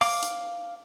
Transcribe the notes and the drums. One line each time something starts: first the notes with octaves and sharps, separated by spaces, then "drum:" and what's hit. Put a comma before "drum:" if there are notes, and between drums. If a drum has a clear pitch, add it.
F5 D6, drum: open hi-hat
drum: hi-hat